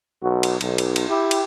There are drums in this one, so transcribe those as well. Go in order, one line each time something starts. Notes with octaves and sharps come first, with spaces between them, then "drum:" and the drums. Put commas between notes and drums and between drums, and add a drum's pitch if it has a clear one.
B1 F#4
drum: cymbal
B1, drum: cymbal
drum: cymbal
drum: cymbal
E4 G4
drum: cymbal